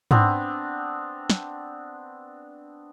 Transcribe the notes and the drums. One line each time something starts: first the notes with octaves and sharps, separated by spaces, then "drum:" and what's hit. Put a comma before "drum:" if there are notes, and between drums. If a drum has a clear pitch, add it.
B3 C4 D4, drum: tom G#2
drum: snare